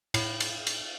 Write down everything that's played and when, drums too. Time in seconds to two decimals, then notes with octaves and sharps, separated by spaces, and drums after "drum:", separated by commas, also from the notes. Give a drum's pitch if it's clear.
0.14 A2, drum: cymbal
0.40 drum: cymbal
0.67 drum: cymbal